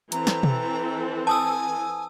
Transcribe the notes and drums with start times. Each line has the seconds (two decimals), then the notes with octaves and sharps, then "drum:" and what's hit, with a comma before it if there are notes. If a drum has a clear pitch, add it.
0.12 E3 C4 A4 A#5, drum: hi-hat
0.27 drum: snare
0.43 drum: tom B2
1.27 G#5 A5 D#6 E6